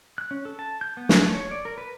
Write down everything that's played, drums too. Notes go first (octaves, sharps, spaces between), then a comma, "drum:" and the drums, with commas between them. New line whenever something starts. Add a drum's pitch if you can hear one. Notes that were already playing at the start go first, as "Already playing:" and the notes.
F#6
C#4
A4
A5
G6
B3
A#3, drum: snare
A3
C#5
D5
A#4
B4